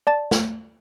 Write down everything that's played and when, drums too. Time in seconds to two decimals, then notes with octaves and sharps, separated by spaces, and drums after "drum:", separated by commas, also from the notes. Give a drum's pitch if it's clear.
0.07 D5 A5 A6
0.31 drum: snare